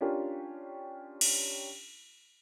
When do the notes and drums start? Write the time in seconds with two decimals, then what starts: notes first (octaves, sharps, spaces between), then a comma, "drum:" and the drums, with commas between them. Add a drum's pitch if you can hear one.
0.01 C#4 D4 F4 G4 A#4
1.21 drum: cymbal